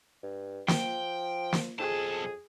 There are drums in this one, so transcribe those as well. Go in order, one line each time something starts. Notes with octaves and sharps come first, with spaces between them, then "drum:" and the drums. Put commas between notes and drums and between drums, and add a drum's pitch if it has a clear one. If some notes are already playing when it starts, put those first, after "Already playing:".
G2
F3 G5, drum: snare
drum: snare
B1 F2 G#4 A5